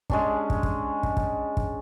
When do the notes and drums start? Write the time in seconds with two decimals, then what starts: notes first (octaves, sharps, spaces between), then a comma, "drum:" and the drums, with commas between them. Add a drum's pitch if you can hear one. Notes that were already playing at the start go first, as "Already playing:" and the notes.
0.10 G#3 C#4 D4, drum: kick
0.50 drum: kick
0.63 drum: kick
1.03 drum: kick
1.17 drum: kick
1.57 drum: kick